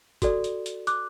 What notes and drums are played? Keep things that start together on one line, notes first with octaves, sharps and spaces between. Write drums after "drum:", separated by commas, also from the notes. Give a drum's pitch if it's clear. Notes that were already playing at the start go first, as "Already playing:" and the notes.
F#4 A4 D5, drum: kick, hi-hat
drum: hi-hat
drum: hi-hat
D6 F#6, drum: hi-hat